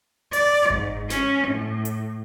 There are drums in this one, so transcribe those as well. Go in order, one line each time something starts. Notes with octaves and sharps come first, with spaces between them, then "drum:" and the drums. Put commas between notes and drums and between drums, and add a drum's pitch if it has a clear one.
D5, drum: open hi-hat
G#2, drum: kick G1
C#4, drum: snare
A2
drum: hi-hat